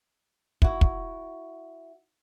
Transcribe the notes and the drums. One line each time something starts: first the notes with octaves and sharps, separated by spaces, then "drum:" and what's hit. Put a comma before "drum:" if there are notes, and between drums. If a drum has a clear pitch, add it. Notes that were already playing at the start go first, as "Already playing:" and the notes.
E4 F#4, drum: kick
drum: kick